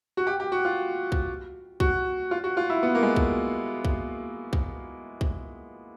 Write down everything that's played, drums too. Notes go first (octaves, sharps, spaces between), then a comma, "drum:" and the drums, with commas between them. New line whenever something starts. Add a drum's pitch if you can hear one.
F#4
G4
G4
F#4
F4
drum: kick
F#4, drum: kick
F4
F#4
F4
E4
B3
A#3
G#3
drum: kick
drum: kick
drum: kick
drum: kick